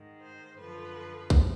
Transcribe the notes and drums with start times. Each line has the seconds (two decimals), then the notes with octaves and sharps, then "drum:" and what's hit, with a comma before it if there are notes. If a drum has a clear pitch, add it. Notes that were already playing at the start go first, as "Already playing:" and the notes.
Already playing: G#2 D#3
0.21 C5
0.59 F#2 D3 F3 B4
1.30 drum: kick C2